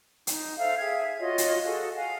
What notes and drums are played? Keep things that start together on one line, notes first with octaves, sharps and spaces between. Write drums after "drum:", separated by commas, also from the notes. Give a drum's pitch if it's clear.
D#4, drum: hi-hat
A4 C5 E5 F5
G#4 E5 G5 G#6
F4 F#4 C#5 D#5
drum: hi-hat
F#4 G#4 A4
F5 F#5 G#5